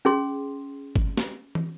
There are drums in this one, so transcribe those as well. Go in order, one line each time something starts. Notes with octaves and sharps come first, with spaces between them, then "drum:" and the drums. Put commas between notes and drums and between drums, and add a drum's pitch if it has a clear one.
C#4 G#4 C6
drum: kick G1
drum: snare
drum: tom